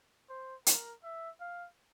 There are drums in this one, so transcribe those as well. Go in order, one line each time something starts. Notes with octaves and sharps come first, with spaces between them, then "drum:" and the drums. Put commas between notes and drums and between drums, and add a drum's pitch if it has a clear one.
C5
A#4, drum: hi-hat
E5
F5